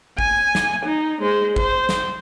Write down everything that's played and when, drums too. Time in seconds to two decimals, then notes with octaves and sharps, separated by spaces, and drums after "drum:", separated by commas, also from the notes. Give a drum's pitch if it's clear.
0.19 G#5, drum: kick
0.55 drum: snare
0.85 D#4
1.22 G#3 C5
1.56 C5, drum: kick
1.89 drum: snare